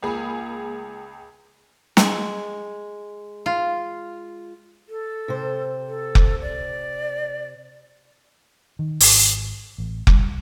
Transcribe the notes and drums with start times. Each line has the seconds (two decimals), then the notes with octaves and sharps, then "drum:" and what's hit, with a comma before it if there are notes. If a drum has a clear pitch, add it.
0.02 C#2 A#3 G#4 B5
1.97 G#3, drum: snare
3.46 F4
4.89 A4
5.28 C3 C5
5.88 A4
6.15 drum: kick F1
6.41 D5
8.79 D#3
9.00 G#1, drum: open hi-hat
9.78 A1
10.07 G3, drum: kick F1